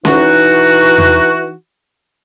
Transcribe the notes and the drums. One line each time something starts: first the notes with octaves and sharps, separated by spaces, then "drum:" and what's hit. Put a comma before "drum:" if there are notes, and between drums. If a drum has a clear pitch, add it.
E3 D#4 F#4, drum: snare C#4
drum: tom E2